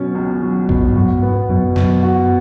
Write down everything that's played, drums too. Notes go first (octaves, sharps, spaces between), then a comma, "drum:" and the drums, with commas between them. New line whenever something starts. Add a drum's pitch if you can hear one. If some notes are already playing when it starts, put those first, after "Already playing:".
Already playing: B2 F#3 C#4
C#2
F#3
B2, drum: kick A#1
G#2
F#2 F#4
G#2 B3
F#2 B2
F#2 B2, drum: snare
F#4